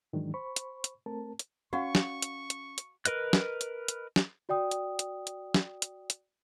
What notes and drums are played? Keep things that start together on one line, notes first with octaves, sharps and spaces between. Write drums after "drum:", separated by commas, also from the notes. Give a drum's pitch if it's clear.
G#2 D#3 E3 F#3 G#3 D4
C5 B5 C#6
drum: hi-hat
drum: hi-hat
A3 C4 A#4 A5
drum: hi-hat
C#4 F#4 F5 F#5 C#6
drum: snare
drum: hi-hat
drum: hi-hat
drum: hi-hat
A#4 B4 D#5 F#6, drum: hi-hat
drum: snare
drum: hi-hat
drum: hi-hat
drum: snare
F#4 D5 G5 D#6
drum: hi-hat
drum: hi-hat
drum: hi-hat
drum: snare
drum: hi-hat
drum: hi-hat